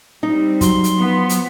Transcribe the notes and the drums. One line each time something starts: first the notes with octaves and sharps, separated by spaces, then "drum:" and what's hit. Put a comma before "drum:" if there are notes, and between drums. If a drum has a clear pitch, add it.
G3 C4 D#4
F#3 C6, drum: kick, hi-hat
drum: hi-hat
F3 B3
drum: hi-hat